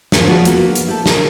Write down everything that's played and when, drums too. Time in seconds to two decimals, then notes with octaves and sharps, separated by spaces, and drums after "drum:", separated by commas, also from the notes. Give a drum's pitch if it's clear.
0.12 E2 G#2 F3 A#3 G#4, drum: snare
0.27 F3 A#3 D4 F#4 G#4 B4
0.45 A#3 B3, drum: hi-hat
0.75 drum: hi-hat
0.87 E4 G4 A4
1.06 G#4 A#4, drum: snare